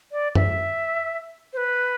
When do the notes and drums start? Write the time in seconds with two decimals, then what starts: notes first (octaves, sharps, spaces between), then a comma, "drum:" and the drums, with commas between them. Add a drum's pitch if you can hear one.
0.12 D5
0.35 E5, drum: tom F#2
1.53 C5
1.57 B4